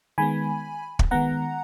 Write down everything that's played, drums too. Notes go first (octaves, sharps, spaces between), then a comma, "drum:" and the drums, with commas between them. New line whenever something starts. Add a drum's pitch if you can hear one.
D#3 G#3 B3 G#5 B5
drum: kick
D#3 G#3 B3 F#5 A#5